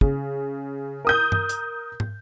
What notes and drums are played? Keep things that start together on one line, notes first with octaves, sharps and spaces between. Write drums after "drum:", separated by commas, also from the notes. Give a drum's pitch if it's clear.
C#3, drum: kick
A#4 D#6 G6
drum: tom G2
drum: hi-hat
drum: tom